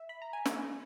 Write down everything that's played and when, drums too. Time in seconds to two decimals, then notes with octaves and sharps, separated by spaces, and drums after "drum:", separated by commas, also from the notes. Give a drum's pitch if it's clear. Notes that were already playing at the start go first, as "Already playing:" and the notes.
Already playing: E5
0.09 B5
0.22 A#5
0.33 G#5
0.45 drum: snare